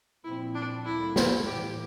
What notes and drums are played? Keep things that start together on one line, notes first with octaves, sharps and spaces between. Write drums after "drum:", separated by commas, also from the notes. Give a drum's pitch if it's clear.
A#2 F3 C4 E4
D4
D2 D3 G3 A#3 E4
drum: snare
A2 E3 A#3 G4